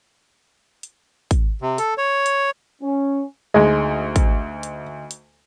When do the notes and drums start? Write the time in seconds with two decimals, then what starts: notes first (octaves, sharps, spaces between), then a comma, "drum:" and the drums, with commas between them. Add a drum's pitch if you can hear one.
0.83 drum: hi-hat
1.31 drum: kick, hi-hat
1.61 C3
1.78 A4, drum: hi-hat
1.98 C#5
2.26 drum: hi-hat
2.82 C#4
3.54 D2 G#3 D#4 D#5
4.16 drum: kick, hi-hat
4.63 drum: hi-hat
5.11 drum: hi-hat